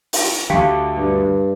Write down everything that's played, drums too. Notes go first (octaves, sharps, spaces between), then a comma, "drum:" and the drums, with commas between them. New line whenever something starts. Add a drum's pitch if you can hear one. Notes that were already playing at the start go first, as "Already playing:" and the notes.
drum: open hi-hat
D2 D3 G4 F5 G5
G2